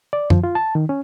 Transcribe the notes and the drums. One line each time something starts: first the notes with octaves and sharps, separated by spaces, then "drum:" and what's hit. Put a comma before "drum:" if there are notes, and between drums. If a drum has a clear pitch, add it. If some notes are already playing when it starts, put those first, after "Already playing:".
D5
F3, drum: tom F#2
F4
A5
D#3
C#4